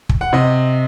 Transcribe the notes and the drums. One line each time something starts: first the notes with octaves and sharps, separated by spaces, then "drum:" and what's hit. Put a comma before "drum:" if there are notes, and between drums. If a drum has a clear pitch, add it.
drum: kick
F#5
C3 D#5